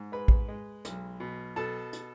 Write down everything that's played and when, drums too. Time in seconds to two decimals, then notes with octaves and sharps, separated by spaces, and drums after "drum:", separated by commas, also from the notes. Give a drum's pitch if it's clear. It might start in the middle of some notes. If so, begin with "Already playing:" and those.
Already playing: G#2
0.12 G#3 B4 B5
0.28 drum: kick
0.49 G#3
0.85 B1, drum: hi-hat
1.20 B2
1.56 B2 A4 A5
1.93 drum: hi-hat